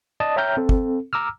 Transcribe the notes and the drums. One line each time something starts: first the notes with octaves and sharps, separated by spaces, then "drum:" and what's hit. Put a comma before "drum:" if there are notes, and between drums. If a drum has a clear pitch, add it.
D5 D#5 A5 D#6
C#5 E5 G5 A#5 F6 G6
C4 A4
drum: kick
A#5 D6 E6 F6